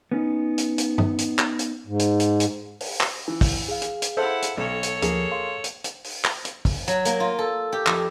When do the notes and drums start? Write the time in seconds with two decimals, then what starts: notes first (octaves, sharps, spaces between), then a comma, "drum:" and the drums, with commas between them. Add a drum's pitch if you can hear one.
0.12 B3 C#4 D#4
0.58 drum: hi-hat
0.78 drum: hi-hat
0.98 drum: tom G2
1.18 drum: hi-hat
1.39 drum: clap
1.59 drum: hi-hat
1.87 G#2
1.99 drum: hi-hat
2.20 drum: hi-hat
2.40 drum: hi-hat
2.80 drum: open hi-hat
3.01 drum: clap
3.28 E3
3.41 drum: kick, open hi-hat
3.69 G#4 F5
3.82 drum: hi-hat
4.02 drum: hi-hat
4.17 E4 A4 C5 E5 F#5
4.42 drum: hi-hat
4.57 B1 A4 C#5
4.83 drum: hi-hat
5.02 D2 F3 A#3 G#4, drum: hi-hat
5.32 F5 C6
5.64 drum: hi-hat
5.84 drum: hi-hat
6.04 drum: open hi-hat
6.25 drum: clap
6.45 drum: hi-hat
6.65 drum: kick, open hi-hat
6.88 F#3, drum: hi-hat
7.05 A#3, drum: hi-hat
7.20 F4
7.39 A4
7.72 G4
7.87 F2, drum: clap